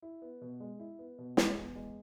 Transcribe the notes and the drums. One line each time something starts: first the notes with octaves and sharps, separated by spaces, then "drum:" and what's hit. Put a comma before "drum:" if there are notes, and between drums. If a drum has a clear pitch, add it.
E4
B3
B2
G#3
E4
B3
B2
G#3, drum: snare
E2
G#3